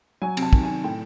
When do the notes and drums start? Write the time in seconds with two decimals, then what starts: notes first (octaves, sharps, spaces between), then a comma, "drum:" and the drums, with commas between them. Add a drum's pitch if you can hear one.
0.22 F#3 G#5
0.37 C3, drum: cymbal
0.42 A5
0.53 D#3, drum: kick
0.63 C3 G#5
0.84 A2 G5